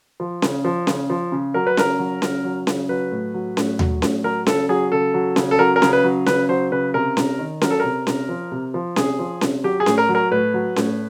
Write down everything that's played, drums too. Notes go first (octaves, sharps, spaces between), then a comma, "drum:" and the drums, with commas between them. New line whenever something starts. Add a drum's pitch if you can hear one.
F3
C#3, drum: snare C#4
F3
C#3, drum: snare C#4
F3
C#3
F#3 A#4
B4
C#3 A#4, drum: snare C#4
F#3
C#3, drum: snare C#4
F#3
C#3, drum: snare C#4
F#3 B4
A2
F#3
A2, drum: snare C#4
F#3, drum: tom D#2
A2, drum: snare C#4
F#3 A#4
C#3 A4, drum: snare C#4
F#3 G#4
C#3 A4
F#3
C#3, drum: snare C#4
A4
F#3 A#4
A#4
C#3, drum: snare C#4
B4
F#3
C#3 B4, drum: snare C#4
F#3 C5
C#3 B4
C3 A#4
C3, drum: snare C#4
D#3
F#3 A#4, drum: snare C#4
A4
C3 A#4
C3, drum: snare C#4
F3
C3
F3
C3 G#4, drum: snare C#4
F3
C3, drum: snare C#4
F#3 G4
G#4
A2, drum: snare C#4
A#4
F#3
A#4
A2 B4
F#3
A2, drum: snare C#4